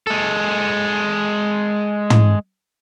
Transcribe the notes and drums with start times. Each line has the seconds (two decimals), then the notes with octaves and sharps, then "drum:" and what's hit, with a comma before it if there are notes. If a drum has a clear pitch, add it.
0.07 G#3 A4
2.10 drum: tom